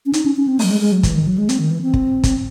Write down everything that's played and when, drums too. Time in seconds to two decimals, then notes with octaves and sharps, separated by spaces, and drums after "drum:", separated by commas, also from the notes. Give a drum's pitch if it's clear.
0.06 C#4
0.13 D#4, drum: hi-hat
0.26 C#4
0.36 C#4
0.47 C4
0.59 A3, drum: open hi-hat
0.64 F#3
0.70 G#3
0.81 G#3
0.92 F#3
1.03 E3, drum: kick, hi-hat
1.15 D#3
1.27 F#3
1.38 G#3
1.49 C4, drum: hi-hat
1.59 D#3
1.71 E3
1.82 C4
1.94 drum: kick
2.24 drum: kick, hi-hat